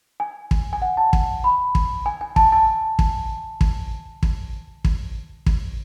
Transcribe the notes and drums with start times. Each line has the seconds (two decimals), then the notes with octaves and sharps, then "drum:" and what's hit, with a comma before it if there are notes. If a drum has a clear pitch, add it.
0.20 G#5
0.51 drum: kick
0.73 G#5
0.82 F#5
0.97 A5
1.13 drum: kick
1.44 B5
1.75 drum: kick
2.06 G#5
2.21 G#5
2.36 A5, drum: kick
2.52 A5
2.99 drum: kick
3.61 drum: kick
4.23 drum: kick
4.85 drum: kick
5.46 drum: kick